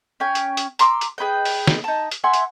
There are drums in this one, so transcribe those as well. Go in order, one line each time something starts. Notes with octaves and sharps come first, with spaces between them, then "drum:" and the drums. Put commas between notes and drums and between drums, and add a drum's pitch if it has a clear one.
C#4 G5 G#5
drum: hi-hat
drum: hi-hat
A#5 C6 D6 E6, drum: hi-hat
drum: hi-hat
G#4 B4 D#5 G5
drum: open hi-hat
drum: snare
D#4 A5
drum: hi-hat
E5 F#5 G#5 C6
drum: hi-hat